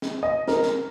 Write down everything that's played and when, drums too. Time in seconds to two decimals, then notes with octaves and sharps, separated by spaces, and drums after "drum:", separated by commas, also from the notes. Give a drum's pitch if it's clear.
0.02 drum: snare
0.23 D#5
0.48 A#4, drum: snare
0.63 drum: snare